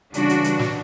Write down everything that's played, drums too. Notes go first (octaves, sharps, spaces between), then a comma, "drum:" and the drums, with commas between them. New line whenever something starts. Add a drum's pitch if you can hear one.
C#3 E3 G3 D4 F#4, drum: hi-hat
drum: hi-hat
drum: hi-hat
drum: snare